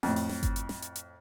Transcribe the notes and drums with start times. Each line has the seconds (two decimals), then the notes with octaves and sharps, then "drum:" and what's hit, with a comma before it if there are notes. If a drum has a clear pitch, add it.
0.03 F2 A2, drum: snare
0.16 drum: open hi-hat
0.29 drum: snare
0.43 drum: kick G1, hi-hat
0.56 drum: hi-hat
0.69 drum: snare
0.82 drum: hi-hat
0.96 drum: hi-hat